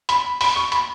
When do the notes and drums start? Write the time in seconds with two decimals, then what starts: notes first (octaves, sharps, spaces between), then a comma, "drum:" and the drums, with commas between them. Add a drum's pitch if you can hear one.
0.09 B5, drum: hi-hat
0.41 B5, drum: open hi-hat
0.56 C#6
0.72 B5, drum: hi-hat